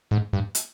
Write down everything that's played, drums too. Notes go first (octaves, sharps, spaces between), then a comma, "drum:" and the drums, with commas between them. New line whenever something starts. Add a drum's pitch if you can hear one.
G#2
G2
drum: hi-hat